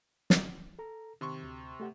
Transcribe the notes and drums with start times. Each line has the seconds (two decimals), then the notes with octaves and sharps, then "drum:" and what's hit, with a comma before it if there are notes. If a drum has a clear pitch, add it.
0.30 drum: snare
0.79 A4 A#5
1.21 C3 D#3 C6 C#6
1.43 D2
1.80 A3 G4 F#5